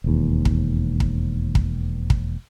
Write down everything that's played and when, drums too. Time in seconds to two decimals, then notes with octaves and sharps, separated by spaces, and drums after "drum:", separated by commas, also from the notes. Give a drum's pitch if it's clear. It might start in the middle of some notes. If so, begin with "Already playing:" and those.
0.04 E1 D#2
0.45 drum: kick
1.00 drum: kick
1.55 drum: kick
2.10 drum: kick